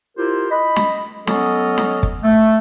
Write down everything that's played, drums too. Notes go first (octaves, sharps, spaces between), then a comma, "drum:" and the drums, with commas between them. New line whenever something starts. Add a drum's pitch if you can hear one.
E4 F4 G4 A#4 C5
D#5 B5
drum: snare
F#3 B3 C#4 A4 C#5 D#5, drum: snare
drum: snare
drum: kick
A3